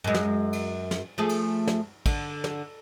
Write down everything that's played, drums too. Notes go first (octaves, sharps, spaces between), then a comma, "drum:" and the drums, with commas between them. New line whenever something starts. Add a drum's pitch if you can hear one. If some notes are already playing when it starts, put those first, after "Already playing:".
F#2 G#3
drum: snare
drum: cymbal
drum: snare
F3 A3 G#4
drum: cymbal
drum: snare
D3, drum: kick, cymbal
drum: snare